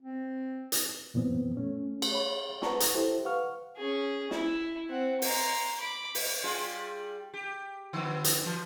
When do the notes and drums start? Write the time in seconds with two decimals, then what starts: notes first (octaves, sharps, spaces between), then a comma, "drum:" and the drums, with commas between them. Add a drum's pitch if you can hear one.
0.02 C4
0.72 drum: hi-hat
1.14 F#2 A#2 E3 B3 C4
1.57 A3 C#4
2.02 drum: cymbal
2.11 C#5 B5
2.62 B4 F#5 A5 A#5 C#6, drum: snare
2.80 drum: hi-hat
2.94 E4 G4 A4 C5
3.25 B4 F5 F#5 C#6 F6
3.77 C#4 G#4
4.31 E4, drum: snare
4.89 C4 F#5
5.22 A#5 C6, drum: open hi-hat
5.80 B5 D6
6.15 drum: open hi-hat
6.43 G3 F4 G#4
7.34 G4
7.93 D3 F3 B3
8.24 drum: hi-hat
8.46 E3